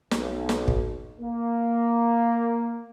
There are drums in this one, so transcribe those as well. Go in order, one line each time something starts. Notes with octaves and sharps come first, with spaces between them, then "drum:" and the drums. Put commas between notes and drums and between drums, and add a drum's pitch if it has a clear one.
B1, drum: snare
drum: snare
drum: kick
A#3